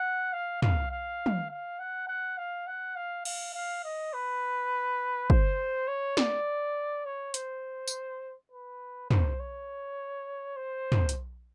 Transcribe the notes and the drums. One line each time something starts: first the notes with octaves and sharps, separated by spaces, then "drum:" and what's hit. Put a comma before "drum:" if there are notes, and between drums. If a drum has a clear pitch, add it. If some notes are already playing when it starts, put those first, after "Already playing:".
Already playing: F#5
F5
F5, drum: tom
F5
drum: tom
F5
F#5
F#5
F5
F#5
F5
F5, drum: cymbal
F5
D#5
B4
C5, drum: kick
C#5
D5, drum: snare
C#5
C5, drum: hi-hat
drum: tambourine
B4
C5, drum: tom
C#5
C5
drum: tom
drum: hi-hat